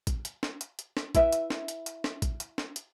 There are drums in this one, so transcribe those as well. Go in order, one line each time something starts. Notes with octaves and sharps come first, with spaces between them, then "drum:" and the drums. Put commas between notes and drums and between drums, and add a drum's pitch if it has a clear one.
drum: kick, hi-hat
drum: hi-hat
drum: snare
drum: hi-hat
drum: hi-hat
drum: snare
E4 B4 E5, drum: kick, hi-hat
drum: hi-hat
drum: snare
drum: hi-hat
drum: hi-hat
drum: snare
drum: kick, hi-hat
drum: hi-hat
drum: snare
drum: hi-hat